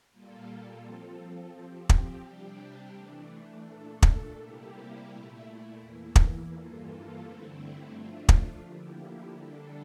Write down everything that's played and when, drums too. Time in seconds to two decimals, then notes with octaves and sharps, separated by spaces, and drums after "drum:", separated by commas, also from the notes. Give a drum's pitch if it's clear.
0.12 A#2 G3 A#3 F4 A4
0.83 F3 C4 F4 A4
1.54 F3 C4 G4
1.89 drum: kick
2.25 C3 G3 D4 G4
2.96 E3 A3 D4
3.66 A#2 A3 D4 A4
4.02 drum: kick
4.38 C3 G3 A#3 E4 G4
5.09 A#2 A3 E4
5.80 E2 E3 A#3 E4
6.16 drum: kick
6.51 G2 E3 A#3 F4 A4
7.22 G2 D3 A3 C4 E4
7.93 F3 A3 D4 F4
8.29 drum: kick
8.64 D3 F3 A#3 E4 G4
9.35 D3 G3 D4 A4